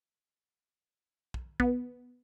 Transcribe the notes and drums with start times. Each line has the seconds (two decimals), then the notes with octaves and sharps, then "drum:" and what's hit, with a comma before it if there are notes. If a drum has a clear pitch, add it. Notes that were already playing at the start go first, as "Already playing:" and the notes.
1.34 drum: kick
1.60 B3, drum: kick